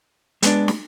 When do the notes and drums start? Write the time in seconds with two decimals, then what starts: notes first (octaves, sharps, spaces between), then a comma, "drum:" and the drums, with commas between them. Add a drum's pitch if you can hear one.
0.42 G#3 B3 D4, drum: hi-hat
0.68 drum: snare